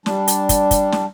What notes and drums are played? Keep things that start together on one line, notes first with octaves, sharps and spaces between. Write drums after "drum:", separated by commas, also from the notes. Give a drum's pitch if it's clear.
G3 D4, drum: snare
drum: hi-hat
drum: kick, hi-hat
drum: kick, hi-hat
drum: snare